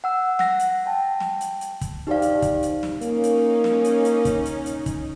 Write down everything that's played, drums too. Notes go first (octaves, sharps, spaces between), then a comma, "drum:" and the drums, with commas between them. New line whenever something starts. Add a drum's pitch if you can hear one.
F#5 E6
F#5 A#6, drum: snare
drum: hi-hat
G5 A5
drum: snare
drum: hi-hat
drum: hi-hat
drum: kick, hi-hat
D#4 G4 C5 D5 F5
drum: hi-hat
drum: kick, hi-hat
drum: hi-hat
drum: snare
A#3 C#4 D#4, drum: hi-hat
drum: hi-hat
drum: snare
drum: hi-hat
drum: hi-hat
drum: kick, hi-hat
drum: hi-hat
drum: hi-hat
drum: kick, hi-hat